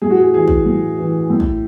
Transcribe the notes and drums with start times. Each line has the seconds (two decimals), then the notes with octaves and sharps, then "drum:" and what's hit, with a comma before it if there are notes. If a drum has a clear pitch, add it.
0.02 A2 G#4
0.10 F#4
0.20 G#4
0.33 E3 G#4
0.48 drum: kick
0.66 A2
0.98 E3
1.30 A2
1.40 drum: kick